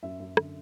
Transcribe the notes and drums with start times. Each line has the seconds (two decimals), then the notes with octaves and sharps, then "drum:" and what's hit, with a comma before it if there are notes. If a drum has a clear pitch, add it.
0.03 F#2 E5
0.20 F#2
0.37 D3, drum: rim click